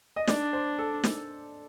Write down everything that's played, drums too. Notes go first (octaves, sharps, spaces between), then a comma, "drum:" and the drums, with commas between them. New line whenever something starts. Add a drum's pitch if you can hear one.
D#5
D4 D5, drum: snare
C5
A4
drum: snare